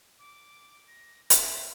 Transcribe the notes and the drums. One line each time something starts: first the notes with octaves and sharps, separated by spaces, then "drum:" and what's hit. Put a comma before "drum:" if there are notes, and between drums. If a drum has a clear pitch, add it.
D6
A#6
A#4 E5 G5 B5, drum: hi-hat